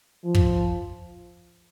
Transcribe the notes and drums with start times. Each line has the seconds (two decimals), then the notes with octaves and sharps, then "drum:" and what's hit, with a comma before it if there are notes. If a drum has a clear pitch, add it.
0.24 F3
0.35 drum: kick